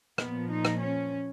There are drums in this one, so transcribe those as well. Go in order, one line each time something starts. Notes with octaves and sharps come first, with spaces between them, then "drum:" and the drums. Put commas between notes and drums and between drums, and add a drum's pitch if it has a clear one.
A#2 F3 B3, drum: rim click
D#4
drum: rim click
C#4